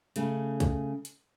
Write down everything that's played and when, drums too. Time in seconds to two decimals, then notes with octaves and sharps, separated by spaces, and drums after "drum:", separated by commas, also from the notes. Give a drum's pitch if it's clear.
0.16 C#3 A3, drum: hi-hat
0.60 drum: kick, hi-hat
1.05 drum: hi-hat